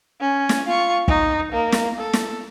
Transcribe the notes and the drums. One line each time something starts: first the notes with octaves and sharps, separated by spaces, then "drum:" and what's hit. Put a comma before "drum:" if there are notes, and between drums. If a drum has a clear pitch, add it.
C#4
drum: snare
F4 C#6
D#4, drum: kick
A#3
drum: snare
A4
drum: snare